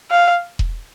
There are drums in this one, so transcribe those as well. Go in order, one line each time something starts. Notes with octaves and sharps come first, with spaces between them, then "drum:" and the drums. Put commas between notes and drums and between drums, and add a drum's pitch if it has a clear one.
F5
drum: kick E1